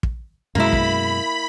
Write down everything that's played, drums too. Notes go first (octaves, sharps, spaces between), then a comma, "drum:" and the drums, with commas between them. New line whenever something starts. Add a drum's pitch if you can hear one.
drum: kick
F#2 B2 G#3 A#3 E4 B5
drum: kick